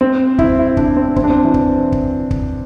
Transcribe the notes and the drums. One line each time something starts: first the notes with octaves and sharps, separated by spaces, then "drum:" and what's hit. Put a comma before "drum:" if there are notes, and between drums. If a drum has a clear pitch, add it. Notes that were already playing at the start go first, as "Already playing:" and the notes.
C4
E4, drum: kick
E4
D4, drum: kick
C4
C4, drum: kick
D4
C4
E3
drum: kick
drum: kick
drum: kick